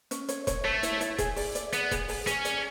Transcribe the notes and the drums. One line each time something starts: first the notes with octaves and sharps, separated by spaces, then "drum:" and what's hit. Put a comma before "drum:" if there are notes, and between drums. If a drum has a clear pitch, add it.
C#4, drum: hi-hat
C#5, drum: hi-hat
C#5, drum: kick E1, hi-hat
A3 C#5
E4, drum: hi-hat
E4, drum: hi-hat
G#4, drum: kick E1, hi-hat
D5, drum: open hi-hat
D5, drum: hi-hat
B3 D5, drum: hi-hat
G#4, drum: kick E1, hi-hat
G#4, drum: open hi-hat
C#4 G#4, drum: hi-hat
D5, drum: hi-hat